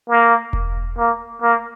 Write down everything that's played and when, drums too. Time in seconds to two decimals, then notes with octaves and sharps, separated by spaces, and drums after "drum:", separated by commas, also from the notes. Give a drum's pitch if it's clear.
0.09 A#3
0.53 drum: kick E1
0.98 A#3
1.42 A#3